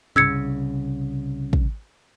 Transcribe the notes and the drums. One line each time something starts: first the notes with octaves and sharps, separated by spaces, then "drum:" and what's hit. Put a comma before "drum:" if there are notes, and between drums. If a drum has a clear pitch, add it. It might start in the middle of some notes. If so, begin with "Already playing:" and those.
C2 C#3 E6 G#6 C#7, drum: tom
drum: kick